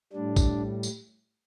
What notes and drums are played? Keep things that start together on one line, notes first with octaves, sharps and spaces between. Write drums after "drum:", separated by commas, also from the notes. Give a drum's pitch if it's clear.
A2 G3 D4
drum: kick A#1, tambourine
drum: tambourine